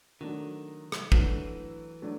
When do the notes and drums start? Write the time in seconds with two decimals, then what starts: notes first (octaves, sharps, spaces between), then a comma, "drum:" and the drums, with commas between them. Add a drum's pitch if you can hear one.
0.21 D#3 F#3 A3 D4 F#4
0.92 drum: rim click
1.12 E3 F#3 A3 D4 F#4, drum: kick
2.02 F#3 A3 D4